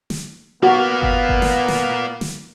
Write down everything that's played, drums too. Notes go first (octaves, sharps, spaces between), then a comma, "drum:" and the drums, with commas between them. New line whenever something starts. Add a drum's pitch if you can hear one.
drum: snare
A#3 B3 F4 F#4
drum: kick G1
drum: kick G1
drum: snare
drum: snare
drum: snare